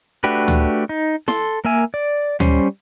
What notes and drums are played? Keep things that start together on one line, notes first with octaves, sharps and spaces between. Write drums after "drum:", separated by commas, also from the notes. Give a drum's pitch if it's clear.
A3 D4 F#4 G4 B4
drum: tom D2
D#4
A4 C6, drum: snare E4
A#3 A#4 E5 G#5
D5
G3 C#4 C5, drum: tom D2